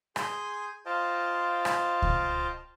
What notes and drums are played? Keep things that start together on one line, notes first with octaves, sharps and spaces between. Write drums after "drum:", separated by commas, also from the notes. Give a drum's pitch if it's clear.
G#4 G#5 C6 D#6 G6, drum: rim click
F4 C5 D#5 F5 G5 A5
drum: rim click
drum: kick C#2